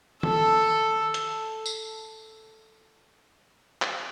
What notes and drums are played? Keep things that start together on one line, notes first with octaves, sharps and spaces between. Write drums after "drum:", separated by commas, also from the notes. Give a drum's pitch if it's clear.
A4, drum: tom D#3
drum: hi-hat
drum: tambourine
drum: clap